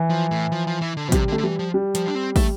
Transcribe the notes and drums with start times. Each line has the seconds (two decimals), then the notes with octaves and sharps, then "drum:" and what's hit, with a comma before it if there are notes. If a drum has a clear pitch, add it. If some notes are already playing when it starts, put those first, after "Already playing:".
Already playing: E3
0.10 F3
0.31 A2
0.52 F3
0.67 F3
0.81 E3
0.97 D3
1.08 B2 F3
1.12 C3 G3, drum: kick, hi-hat
1.28 D3
1.32 A3
1.38 D3
1.43 E3 G3
1.59 F3
1.74 G3
1.95 F3, drum: hi-hat
2.08 D4
2.15 C4
2.36 A3, drum: kick, open hi-hat